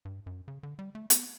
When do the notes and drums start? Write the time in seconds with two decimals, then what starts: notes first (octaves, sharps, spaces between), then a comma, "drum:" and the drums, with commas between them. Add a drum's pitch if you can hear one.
0.05 G2
0.26 F#2
0.48 C#3
0.63 D3
0.79 G3
0.95 A3
1.10 B3, drum: hi-hat